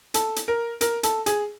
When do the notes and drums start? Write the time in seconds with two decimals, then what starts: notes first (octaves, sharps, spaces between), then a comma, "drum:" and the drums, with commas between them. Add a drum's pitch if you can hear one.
0.14 A4, drum: hi-hat
0.36 drum: hi-hat
0.48 A#4
0.81 A#4, drum: hi-hat
1.03 A4, drum: hi-hat
1.26 G#4, drum: hi-hat